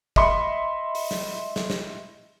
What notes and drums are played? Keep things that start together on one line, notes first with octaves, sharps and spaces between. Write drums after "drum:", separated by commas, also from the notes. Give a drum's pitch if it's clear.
D#5 E5 B5 C6 C#7, drum: kick
drum: open hi-hat
drum: snare
drum: snare
drum: snare